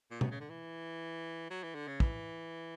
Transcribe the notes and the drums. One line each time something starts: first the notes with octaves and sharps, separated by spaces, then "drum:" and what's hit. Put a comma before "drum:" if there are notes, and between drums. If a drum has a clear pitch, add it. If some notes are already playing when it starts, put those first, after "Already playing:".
A#2
B2, drum: tom B2
C#3
D3
E3
F#3
E3
D3
C#3
E3, drum: kick